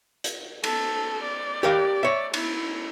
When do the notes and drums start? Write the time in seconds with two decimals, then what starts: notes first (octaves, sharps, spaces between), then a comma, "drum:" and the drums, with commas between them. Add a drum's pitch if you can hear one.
0.24 drum: hi-hat
0.64 A4, drum: cymbal
1.23 D5
1.63 G4 A#4 F5
2.03 C#5 E5
2.34 E4, drum: cymbal